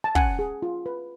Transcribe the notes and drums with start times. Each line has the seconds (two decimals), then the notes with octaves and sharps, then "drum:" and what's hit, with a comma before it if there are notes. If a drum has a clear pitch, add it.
0.04 A5
0.15 C#4 F#5 G#5, drum: kick
0.39 G#4
0.62 F4
0.86 B4